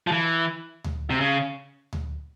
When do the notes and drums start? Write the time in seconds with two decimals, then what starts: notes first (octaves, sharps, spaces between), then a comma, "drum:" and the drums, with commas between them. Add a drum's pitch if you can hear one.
0.07 F3
0.12 E3
0.84 drum: tom D2
1.10 C3
1.21 C#3
1.93 drum: tom D2